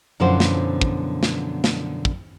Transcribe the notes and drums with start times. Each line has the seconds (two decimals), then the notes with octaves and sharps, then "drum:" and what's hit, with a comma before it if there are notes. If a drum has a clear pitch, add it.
0.20 F#2 B2 D3 F3 E4 C5
0.40 drum: snare
0.81 drum: kick
1.23 drum: snare
1.64 drum: snare
2.05 drum: kick